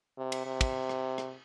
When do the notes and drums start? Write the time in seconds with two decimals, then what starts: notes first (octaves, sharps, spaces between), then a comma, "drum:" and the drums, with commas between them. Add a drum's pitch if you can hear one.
0.18 C3
0.32 drum: cymbal
0.46 C3
0.61 drum: kick, cymbal
0.89 drum: rim click
1.18 drum: rim click